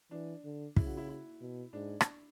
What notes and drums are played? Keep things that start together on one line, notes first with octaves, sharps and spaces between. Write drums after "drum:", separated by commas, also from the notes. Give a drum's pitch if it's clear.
E3 D4
D3
C#3 E4, drum: kick
F#4
E4
E4
B2
G#2 D4
drum: rim click